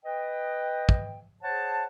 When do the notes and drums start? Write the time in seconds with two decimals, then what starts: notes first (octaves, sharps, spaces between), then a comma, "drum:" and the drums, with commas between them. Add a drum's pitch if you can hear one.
0.05 B4 D#5 G5
0.89 drum: kick
1.42 G#4 C5 C#5 F#5 A5